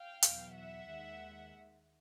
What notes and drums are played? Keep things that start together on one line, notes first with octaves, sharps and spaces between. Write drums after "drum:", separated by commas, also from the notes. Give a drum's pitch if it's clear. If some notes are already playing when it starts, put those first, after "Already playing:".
Already playing: F5 G5
E2 B2 F#3, drum: hi-hat
E5 F#5
D#2 D#3 G#3